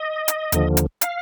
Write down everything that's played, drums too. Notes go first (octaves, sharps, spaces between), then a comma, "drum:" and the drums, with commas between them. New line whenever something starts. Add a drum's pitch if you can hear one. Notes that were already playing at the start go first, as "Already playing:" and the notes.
Already playing: D#5
drum: hi-hat
D#2 D3 F3, drum: hi-hat
drum: hi-hat
F5, drum: hi-hat